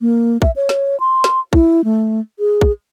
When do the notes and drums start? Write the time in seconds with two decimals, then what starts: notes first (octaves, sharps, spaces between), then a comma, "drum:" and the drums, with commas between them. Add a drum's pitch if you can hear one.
0.01 A#3
0.42 E5, drum: kick
0.56 C#5
0.69 drum: snare
1.00 C6
1.24 drum: snare
1.53 E4, drum: kick
1.84 A3
2.39 G#4
2.61 drum: kick